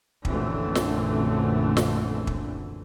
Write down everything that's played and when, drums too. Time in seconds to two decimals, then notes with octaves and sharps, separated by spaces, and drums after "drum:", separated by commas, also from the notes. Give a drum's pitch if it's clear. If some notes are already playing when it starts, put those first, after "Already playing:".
0.25 A#1 F#2 D3 E3 A3 C4, drum: kick
0.75 drum: snare
1.77 drum: snare
2.27 drum: kick